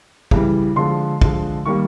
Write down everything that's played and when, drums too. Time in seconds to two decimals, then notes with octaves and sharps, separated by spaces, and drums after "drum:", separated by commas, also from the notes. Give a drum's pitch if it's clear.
0.31 C#3 E3 G3, drum: kick
0.76 D3 F3 G#3 C6
1.22 D3 F3 G#3, drum: kick
1.66 D#3 G3 A#3 C#6